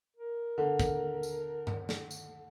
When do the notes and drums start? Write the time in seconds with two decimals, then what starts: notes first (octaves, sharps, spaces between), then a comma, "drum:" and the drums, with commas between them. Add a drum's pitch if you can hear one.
0.16 A#4
0.58 D3
0.80 drum: kick, tambourine
1.23 drum: tambourine
1.67 drum: tom G2
1.89 drum: snare
2.11 drum: tambourine